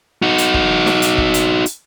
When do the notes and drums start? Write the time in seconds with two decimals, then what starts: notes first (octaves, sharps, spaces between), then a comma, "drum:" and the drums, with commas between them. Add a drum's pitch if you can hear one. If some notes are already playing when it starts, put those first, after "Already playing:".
0.22 D#4 F#4
0.38 drum: hi-hat
0.54 drum: kick
0.86 drum: snare
1.02 drum: hi-hat
1.18 drum: kick
1.34 drum: hi-hat
1.66 drum: hi-hat